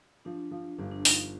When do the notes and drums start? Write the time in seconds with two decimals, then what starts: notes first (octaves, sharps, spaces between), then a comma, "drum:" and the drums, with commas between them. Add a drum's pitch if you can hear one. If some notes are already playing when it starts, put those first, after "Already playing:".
0.25 F3 D4
0.51 F3
0.78 G1 D4
0.91 D4
1.05 F3 D#4, drum: open hi-hat